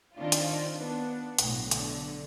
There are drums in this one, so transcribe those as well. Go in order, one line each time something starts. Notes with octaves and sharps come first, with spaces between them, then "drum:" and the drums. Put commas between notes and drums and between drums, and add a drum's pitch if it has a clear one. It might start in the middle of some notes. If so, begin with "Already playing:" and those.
D#3 C4 D4 F4
drum: hi-hat
B3 D4
B1 A2, drum: hi-hat
D3, drum: hi-hat